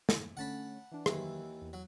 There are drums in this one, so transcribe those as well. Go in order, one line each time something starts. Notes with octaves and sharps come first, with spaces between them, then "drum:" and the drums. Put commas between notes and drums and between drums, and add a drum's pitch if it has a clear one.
drum: snare
D3 A3 C#4 F#5 A5 B5
E3 D4
D#2 D#3 E3 F#3, drum: rim click
E2
F#3